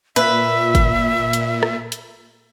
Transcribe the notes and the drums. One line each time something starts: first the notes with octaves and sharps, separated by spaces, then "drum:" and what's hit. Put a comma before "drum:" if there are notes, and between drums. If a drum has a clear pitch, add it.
A#2 B4 E5, drum: hi-hat
drum: kick, hi-hat
drum: hi-hat
drum: rim click
drum: hi-hat